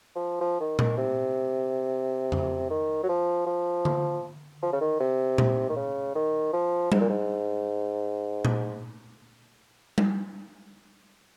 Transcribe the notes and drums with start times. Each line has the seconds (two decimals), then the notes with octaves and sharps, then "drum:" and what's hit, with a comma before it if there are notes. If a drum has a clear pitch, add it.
0.15 F3
0.41 F3
0.60 D#3
0.79 D#3, drum: tom A#2
0.98 C3
2.32 drum: tom F2
2.70 D#3
3.03 F#3
3.09 F3
3.46 F3
3.85 drum: tom D3
4.62 F3
4.73 C#3
4.81 D#3
5.00 C3
5.38 drum: tom A#2
5.69 D#3
5.76 C#3
6.15 D#3
6.53 F3
6.92 G#2, drum: tom G3
7.00 A#2
7.10 G#2
8.45 drum: tom A#2
9.98 drum: tom G3